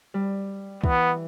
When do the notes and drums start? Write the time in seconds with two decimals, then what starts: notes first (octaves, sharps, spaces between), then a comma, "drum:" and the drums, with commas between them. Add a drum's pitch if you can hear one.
0.14 G3
0.84 E3 B3, drum: kick